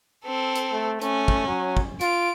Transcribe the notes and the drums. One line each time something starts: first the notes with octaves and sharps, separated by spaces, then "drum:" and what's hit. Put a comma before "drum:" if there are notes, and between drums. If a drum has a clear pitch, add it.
C4 A4
drum: hi-hat
A3
A3 C#4, drum: hi-hat
drum: kick
F#3
drum: kick
F4 D7, drum: hi-hat